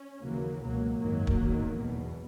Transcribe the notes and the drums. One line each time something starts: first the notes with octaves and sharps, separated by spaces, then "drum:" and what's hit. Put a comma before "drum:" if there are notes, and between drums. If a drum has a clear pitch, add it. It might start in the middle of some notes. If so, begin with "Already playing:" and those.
Already playing: C#4
D#2 C#3 E3 F#3 A#3
C#2 B2 F#3 A#3
G#1 F#2 D#3 F#3 A#3
drum: kick
E2 D#3
E2 B2